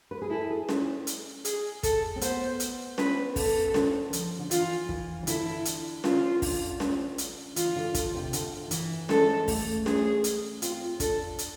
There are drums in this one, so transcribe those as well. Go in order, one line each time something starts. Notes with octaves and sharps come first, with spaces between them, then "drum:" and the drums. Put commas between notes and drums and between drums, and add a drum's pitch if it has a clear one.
B4
G#4
E4 A4
G#4
drum: snare C#4
drum: hi-hat
G#4, drum: hi-hat
A4, drum: kick, hi-hat
C4
B3 C5, drum: hi-hat
drum: hi-hat
B4, drum: snare C#4
A4, drum: kick, open hi-hat
D3, drum: snare C#4
F3, drum: hi-hat
D3
E3 F4, drum: hi-hat
E3, drum: kick
E3
D3 E4, drum: hi-hat
drum: hi-hat
F4, drum: snare C#4
D3, drum: kick, open hi-hat
drum: snare C#4
drum: hi-hat
E3 F4, drum: hi-hat
D3
D3, drum: kick, hi-hat
C3
D3, drum: hi-hat
E3, drum: hi-hat
G#3 A4, drum: snare C#4
A3, drum: kick, open hi-hat
G#4, drum: snare C#4
drum: hi-hat
C4 F4, drum: hi-hat
D4 A4, drum: kick, hi-hat
drum: hi-hat